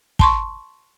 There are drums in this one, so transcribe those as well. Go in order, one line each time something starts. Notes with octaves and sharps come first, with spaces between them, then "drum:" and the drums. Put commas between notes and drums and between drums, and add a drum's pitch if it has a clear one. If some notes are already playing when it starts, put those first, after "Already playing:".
A5 C6 C#6, drum: kick